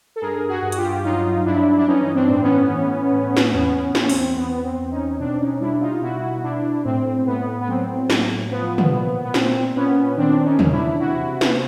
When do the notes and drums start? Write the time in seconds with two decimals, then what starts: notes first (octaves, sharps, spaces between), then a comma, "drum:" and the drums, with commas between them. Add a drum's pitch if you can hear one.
0.16 A4
0.21 G2 G#4 A#4
0.48 F#4 G#4
0.62 G2
0.72 F#4, drum: hi-hat
0.77 F4 G4
1.04 F#3 D#4 F4
1.45 G2 D4 E4
1.78 D4
1.87 E3 C#4 D#4
2.15 C4 D4
2.29 A2
2.42 B3 C#4
2.70 E3
3.12 A2
3.37 drum: snare
3.53 E2 B3 C#4
3.95 E2 C4, drum: snare
4.02 C#4
4.09 C4, drum: open hi-hat
4.36 E2 B3
4.64 C4
4.77 E2
4.91 C#4 D#4
5.19 B2 C4 D4
5.39 C#4 D#4
5.60 G3 D4 E4
5.81 D#4 F4
6.02 B2 E4 F#4
6.43 B2 D4 E4
6.84 A2 C4
7.26 A2 B3
7.61 B3
7.68 F#3 C4
8.10 A2, drum: snare
8.51 F3 B3
8.78 drum: tom
8.93 A#2
9.24 B3
9.34 A#2 C4, drum: snare
9.75 A#2 B3 C#4
10.17 D#3 C4 D4
10.45 C#4 D#4
10.59 E2, drum: tom
10.72 D4 E4
11.00 C3 E4 F#4
11.41 C3 B4, drum: snare
11.51 C5